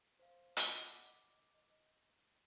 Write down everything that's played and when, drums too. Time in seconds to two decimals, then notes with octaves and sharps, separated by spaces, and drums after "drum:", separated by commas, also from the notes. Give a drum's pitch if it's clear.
0.20 C5 F5
0.57 D5 F#5 D6, drum: hi-hat
1.05 D#5